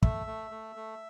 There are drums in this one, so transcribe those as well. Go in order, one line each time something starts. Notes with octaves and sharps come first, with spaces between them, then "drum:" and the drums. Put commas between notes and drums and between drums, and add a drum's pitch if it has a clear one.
A3 E5, drum: kick
A3
A3
A3